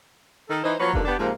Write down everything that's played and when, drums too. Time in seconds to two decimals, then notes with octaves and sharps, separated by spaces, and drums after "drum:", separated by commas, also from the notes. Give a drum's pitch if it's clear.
0.50 D#3 A4
0.64 E3 D#4 C5
0.80 F3 F#3 A#3 B4 C#5
0.93 D3 D#3 F3 G3 A#3 B3, drum: kick F1
1.05 B3 D4 G4
1.19 G#2 C3 F3 A#3